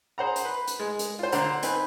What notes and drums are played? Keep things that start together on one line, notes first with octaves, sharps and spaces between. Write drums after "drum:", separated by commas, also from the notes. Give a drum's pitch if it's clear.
G#4 C5 F#5 A#5
drum: hi-hat
B4
drum: hi-hat
G#3
drum: hi-hat
F4 C5
D3 C5 F#5 A#5, drum: hi-hat
C4 D#4 B4 G5 G#5, drum: hi-hat